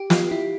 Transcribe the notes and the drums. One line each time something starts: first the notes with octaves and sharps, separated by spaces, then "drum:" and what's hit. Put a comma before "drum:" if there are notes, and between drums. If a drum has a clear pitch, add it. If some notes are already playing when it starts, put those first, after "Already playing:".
Already playing: G4
F4, drum: snare
E4